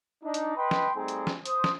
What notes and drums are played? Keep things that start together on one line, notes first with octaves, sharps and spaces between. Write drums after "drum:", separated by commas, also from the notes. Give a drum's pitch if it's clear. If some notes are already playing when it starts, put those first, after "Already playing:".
D4 D#4
drum: hi-hat
B4 D#5 G5 B5 C6
drum: snare
G3 A3 C4 D#4 G#4
drum: hi-hat
drum: snare
C5 D#6, drum: hi-hat
drum: snare